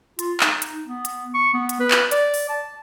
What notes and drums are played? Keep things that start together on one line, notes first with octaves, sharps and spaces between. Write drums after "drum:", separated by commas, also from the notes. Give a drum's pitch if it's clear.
F4, drum: hi-hat
D#4, drum: clap
drum: hi-hat
B3
drum: hi-hat
C#6
B3
drum: hi-hat
B4
drum: clap
D5, drum: hi-hat
drum: open hi-hat
A5